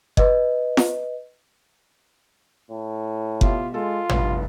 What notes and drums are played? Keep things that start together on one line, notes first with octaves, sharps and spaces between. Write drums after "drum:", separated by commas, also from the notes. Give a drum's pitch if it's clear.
B4 D#5, drum: kick F#1
drum: snare
A2
B2 F4 G4 E5, drum: kick F#1
G#3 F4 A4
F1 E2 G2, drum: tom